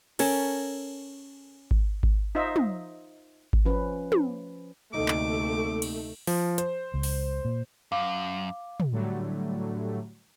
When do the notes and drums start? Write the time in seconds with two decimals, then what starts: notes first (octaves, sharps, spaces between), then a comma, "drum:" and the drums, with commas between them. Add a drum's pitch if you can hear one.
0.19 C#4 A4 A#4, drum: cymbal
1.71 drum: kick G#1
2.03 drum: kick G#1
2.35 D#4 F4 C5 D#5 E5
2.56 drum: tom
3.53 drum: kick G#1
3.65 F3 C#4 B4
4.12 drum: tom
4.94 D2 C3 A3 A#3 D#4 D6
5.08 drum: clap
5.82 drum: cymbal
6.27 F3, drum: open hi-hat
6.58 C5, drum: hi-hat
6.94 C#2
7.03 drum: open hi-hat
7.45 A#2
7.92 F#2 F5 D6
8.80 drum: tom
8.91 A2 D3 F#3 G3 A3